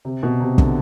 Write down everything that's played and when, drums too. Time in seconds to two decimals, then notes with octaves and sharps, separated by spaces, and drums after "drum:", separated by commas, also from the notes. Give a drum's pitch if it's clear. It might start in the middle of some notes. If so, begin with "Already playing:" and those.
0.05 C3
0.23 B2
0.40 C3
0.58 D3, drum: kick